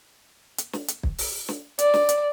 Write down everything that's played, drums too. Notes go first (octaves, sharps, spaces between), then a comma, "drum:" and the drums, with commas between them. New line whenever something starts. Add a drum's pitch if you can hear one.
drum: hi-hat
drum: snare
drum: hi-hat
drum: kick
drum: open hi-hat
drum: snare
D5, drum: hi-hat
drum: snare
drum: hi-hat